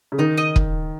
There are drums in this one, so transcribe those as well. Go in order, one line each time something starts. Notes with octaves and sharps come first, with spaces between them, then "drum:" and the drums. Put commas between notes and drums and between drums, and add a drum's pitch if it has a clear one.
C#3
D#3 D#4
D#5
drum: kick